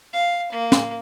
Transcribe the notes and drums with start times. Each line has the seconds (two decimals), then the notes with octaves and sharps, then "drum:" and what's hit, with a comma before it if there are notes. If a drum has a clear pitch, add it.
0.13 F5
0.52 A#3
0.72 drum: snare